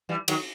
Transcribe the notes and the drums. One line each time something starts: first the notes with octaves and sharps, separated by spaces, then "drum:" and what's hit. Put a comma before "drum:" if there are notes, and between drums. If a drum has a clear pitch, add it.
E3 G3
D#3 F#3, drum: cymbal